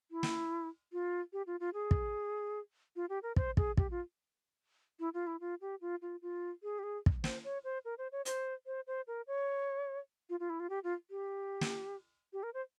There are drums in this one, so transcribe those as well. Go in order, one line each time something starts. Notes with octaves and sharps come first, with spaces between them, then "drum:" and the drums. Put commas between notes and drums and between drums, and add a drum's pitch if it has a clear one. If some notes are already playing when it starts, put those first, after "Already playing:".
E4
drum: snare
F4
G4
F4
F4
G#4
drum: kick
F4
G4
A#4
C5, drum: kick
G#4, drum: kick
G4, drum: kick
F4
E4
F4
E4
F4
G4
F4
F4
F4
G#4
G4
G#4
drum: kick
C5, drum: snare
C#5
C5
A#4
C5
C#5
C5, drum: hi-hat
C5
C5
A#4
C#5
F4
F4
E4
F4
G4
F4
G4
drum: snare
G4
A#4
C5